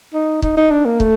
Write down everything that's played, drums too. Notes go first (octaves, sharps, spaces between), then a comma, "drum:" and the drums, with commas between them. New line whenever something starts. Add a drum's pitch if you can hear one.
D#4
D#4, drum: kick
D#4
D4
A#3
A3, drum: kick